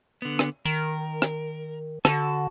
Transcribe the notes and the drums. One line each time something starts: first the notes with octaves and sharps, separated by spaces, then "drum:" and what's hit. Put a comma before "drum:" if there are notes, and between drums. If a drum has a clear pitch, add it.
D3 B3
drum: rim click
D#3 A#4
drum: rim click
D3 F#4 A5, drum: rim click